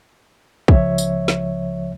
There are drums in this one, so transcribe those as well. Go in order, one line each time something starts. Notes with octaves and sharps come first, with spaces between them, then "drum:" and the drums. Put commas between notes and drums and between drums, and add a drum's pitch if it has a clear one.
C#2 C#3 F3 C#5 E5, drum: kick
drum: tambourine
drum: snare